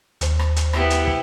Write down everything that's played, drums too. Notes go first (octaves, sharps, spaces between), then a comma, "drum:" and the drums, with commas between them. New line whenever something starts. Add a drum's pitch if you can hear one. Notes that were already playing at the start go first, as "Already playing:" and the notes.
D#2 C5, drum: hi-hat
drum: rim click
drum: hi-hat
B3 E4 G4, drum: rim click
drum: hi-hat
drum: kick